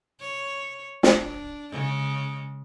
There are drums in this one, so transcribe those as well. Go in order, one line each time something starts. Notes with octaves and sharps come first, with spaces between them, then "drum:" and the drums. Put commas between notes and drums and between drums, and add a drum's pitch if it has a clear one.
C#5
D4, drum: snare
C#3 G#3